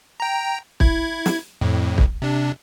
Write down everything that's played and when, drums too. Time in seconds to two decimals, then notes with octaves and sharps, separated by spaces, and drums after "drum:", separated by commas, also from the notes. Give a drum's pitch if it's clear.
0.20 G5 A#5
0.80 E4 G#6, drum: kick
1.26 drum: snare
1.61 F2 A2
1.98 drum: kick
2.22 C3 D4